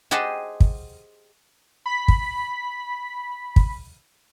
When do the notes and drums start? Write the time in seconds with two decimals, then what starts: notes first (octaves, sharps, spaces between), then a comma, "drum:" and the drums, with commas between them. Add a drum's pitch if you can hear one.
0.11 G4 G#4 C5 D#5 F#5 A5
0.60 drum: kick
1.86 B5 B6
2.08 drum: kick
3.56 drum: kick